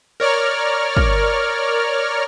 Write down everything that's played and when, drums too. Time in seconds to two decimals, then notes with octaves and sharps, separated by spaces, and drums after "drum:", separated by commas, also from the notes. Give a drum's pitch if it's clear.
0.20 A#4 C#5 D5 F6
0.97 drum: kick